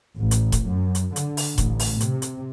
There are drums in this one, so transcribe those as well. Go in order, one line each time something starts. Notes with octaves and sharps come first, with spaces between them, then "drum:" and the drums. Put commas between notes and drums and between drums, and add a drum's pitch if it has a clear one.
A1
drum: hi-hat
drum: kick E1, hi-hat
F#2
drum: hi-hat
D3, drum: hi-hat
drum: open hi-hat
A1, drum: kick E1, hi-hat
drum: open hi-hat
C3, drum: hi-hat
drum: hi-hat